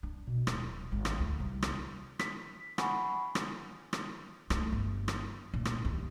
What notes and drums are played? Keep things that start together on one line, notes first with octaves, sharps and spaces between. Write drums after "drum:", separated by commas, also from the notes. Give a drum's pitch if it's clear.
D4
B2
D1, drum: rim click
G#1
drum: rim click
D2
C2
drum: rim click
B6, drum: rim click
F#5 G#5 B5 C#6, drum: rim click
drum: rim click
drum: rim click
A3, drum: rim click
G1
drum: rim click
A#2
drum: rim click
D#2